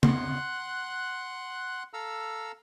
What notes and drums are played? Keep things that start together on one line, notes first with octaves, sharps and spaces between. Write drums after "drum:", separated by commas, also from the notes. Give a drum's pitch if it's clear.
F#5 C6 F#6, drum: tom C#3
A4 F5 A#5 E6